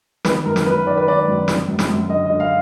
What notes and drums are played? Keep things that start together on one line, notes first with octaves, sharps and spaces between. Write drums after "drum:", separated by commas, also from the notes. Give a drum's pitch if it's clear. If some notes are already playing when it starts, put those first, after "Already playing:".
D#3 B4, drum: snare
F#2 A#4
drum: snare
F#2 B4
D#3 D5
B4
D#3 D5
F#2
D3, drum: snare
F#2
drum: snare
F#2
D3 D#5
D#5
D3
F5